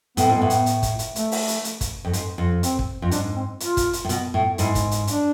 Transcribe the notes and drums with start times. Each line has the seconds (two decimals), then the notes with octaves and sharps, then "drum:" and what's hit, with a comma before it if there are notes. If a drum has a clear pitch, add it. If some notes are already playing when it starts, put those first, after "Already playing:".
0.17 A2 B3, drum: hi-hat
0.27 G#2 C4
0.37 A2 B3
0.50 drum: hi-hat
0.66 drum: hi-hat
0.83 drum: kick, hi-hat
0.99 drum: hi-hat
1.16 A3, drum: hi-hat
1.32 drum: open hi-hat
1.48 drum: hi-hat
1.64 drum: hi-hat
1.81 drum: kick, hi-hat
2.05 F2
2.13 G#2, drum: hi-hat
2.38 F2
2.63 C4, drum: hi-hat
2.79 drum: kick
3.02 F2
3.11 G#2 D4, drum: hi-hat
3.36 C4
3.60 F4, drum: hi-hat
3.77 drum: kick, hi-hat
3.93 drum: hi-hat
4.05 A2
4.09 B2, drum: hi-hat
4.34 A2
4.58 G#2 E4, drum: hi-hat
4.75 drum: kick, hi-hat
4.91 drum: hi-hat
5.07 D4, drum: hi-hat